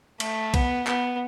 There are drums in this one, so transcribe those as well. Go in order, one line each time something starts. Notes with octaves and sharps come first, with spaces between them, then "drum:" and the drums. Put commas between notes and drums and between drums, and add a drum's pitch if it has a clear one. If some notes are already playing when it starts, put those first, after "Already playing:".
A3, drum: cymbal
B3, drum: kick, cymbal
B3, drum: clap